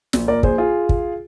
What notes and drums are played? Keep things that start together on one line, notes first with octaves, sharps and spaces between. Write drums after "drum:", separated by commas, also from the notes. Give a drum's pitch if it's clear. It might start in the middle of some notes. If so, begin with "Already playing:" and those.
A#1, drum: snare
A#1 A#4 D5
A#1 G#4 C5, drum: kick
F4 G#4
drum: kick